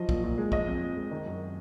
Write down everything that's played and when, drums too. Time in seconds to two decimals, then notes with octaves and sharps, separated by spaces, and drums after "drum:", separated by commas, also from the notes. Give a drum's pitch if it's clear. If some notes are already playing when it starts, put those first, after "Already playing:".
Already playing: F3 F#3 D#5
0.09 A#2, drum: kick
0.24 A#2
0.38 G#3
0.52 F3 D#5, drum: kick
0.67 F2
0.82 F2
0.96 G#3
1.11 D#3
1.26 F#2